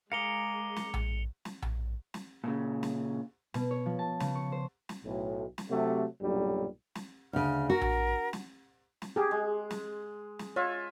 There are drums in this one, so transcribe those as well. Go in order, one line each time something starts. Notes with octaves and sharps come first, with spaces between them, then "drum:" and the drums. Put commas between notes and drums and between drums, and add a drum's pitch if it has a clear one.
G#3 G#4 A#4 F5 D6 C#7 F7 G7
drum: snare
drum: tom A#1
drum: snare
drum: tom A#1
drum: snare
A#2 C#3
drum: snare
B2, drum: snare
C#5
F3
A5
C#3, drum: snare
C#6
C5
drum: snare
B1 A2
drum: snare
C3 F#3 A3
B1 G2 A#2 D3 F#3 G3
drum: snare
D2 C#3 F6
F#4 A#4
drum: tom A#1
drum: snare
drum: snare
G4 G#4
G#3
drum: snare
drum: snare
F4 C#5 E5